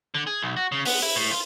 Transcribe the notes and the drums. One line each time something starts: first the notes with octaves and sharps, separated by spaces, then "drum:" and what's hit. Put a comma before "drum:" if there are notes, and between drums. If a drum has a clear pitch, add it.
D3
G#4
B1
F#4
C#3
B3, drum: open hi-hat
E4
A2
F4